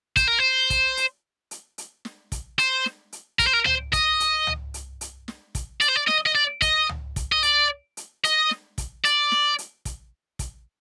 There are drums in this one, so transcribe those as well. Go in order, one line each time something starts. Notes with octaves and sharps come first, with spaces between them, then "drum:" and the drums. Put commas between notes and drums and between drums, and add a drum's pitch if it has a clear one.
C5, drum: kick, hi-hat
A#4
C5
drum: kick, hi-hat
drum: hi-hat
drum: hi-hat
drum: hi-hat
drum: snare
drum: kick, hi-hat
C5, drum: hi-hat
drum: snare
drum: hi-hat
A#4, drum: kick, hi-hat
C5
A#4
C5, drum: tom C#2
D#5, drum: kick, hi-hat
drum: hi-hat
drum: tom C#2
drum: hi-hat
drum: hi-hat
drum: snare
drum: kick, hi-hat
D5, drum: hi-hat
C5
D5
D#5, drum: snare
D#5
D5
D#5, drum: kick, hi-hat
drum: tom C#2
drum: kick, hi-hat
D#5
D5, drum: hi-hat
drum: hi-hat
D#5, drum: hi-hat
drum: snare
drum: kick, hi-hat
D5, drum: hi-hat
drum: snare
drum: hi-hat
drum: kick, hi-hat
drum: kick, hi-hat